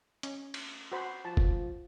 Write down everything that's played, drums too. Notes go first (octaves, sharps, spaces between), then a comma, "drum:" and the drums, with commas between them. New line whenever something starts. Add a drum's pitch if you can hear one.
C#4, drum: hi-hat
drum: cymbal
F#4 C5 B5
F3 A5
drum: kick F#1